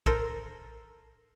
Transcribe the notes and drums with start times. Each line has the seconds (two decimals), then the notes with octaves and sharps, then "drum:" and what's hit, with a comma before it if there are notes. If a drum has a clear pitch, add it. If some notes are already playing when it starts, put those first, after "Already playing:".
0.06 A4 A#4 C5, drum: kick A#1